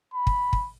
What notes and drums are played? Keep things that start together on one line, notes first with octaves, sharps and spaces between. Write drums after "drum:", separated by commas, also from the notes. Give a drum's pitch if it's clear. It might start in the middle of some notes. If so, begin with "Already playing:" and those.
B5
drum: kick
drum: kick